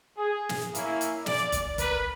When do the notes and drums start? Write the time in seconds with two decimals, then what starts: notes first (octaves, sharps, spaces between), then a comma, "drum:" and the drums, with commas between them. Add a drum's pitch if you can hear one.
0.17 G#4
0.49 drum: snare
0.75 A#3 C#4 E4, drum: hi-hat
1.01 drum: hi-hat
1.26 D5, drum: snare
1.52 drum: kick G1, hi-hat
1.78 A#4 B4, drum: kick G1, hi-hat